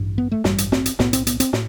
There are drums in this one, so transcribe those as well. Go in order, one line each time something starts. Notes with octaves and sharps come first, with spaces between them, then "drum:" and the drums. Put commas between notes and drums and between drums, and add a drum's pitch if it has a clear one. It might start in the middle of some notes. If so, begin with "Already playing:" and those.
Already playing: A1 G2
B3
A3
A1 G2 G3, drum: snare
drum: hi-hat
C4, drum: snare
drum: hi-hat
B1 A2 B3, drum: snare
C4, drum: hi-hat
B3, drum: hi-hat
C4, drum: hi-hat
A2, drum: snare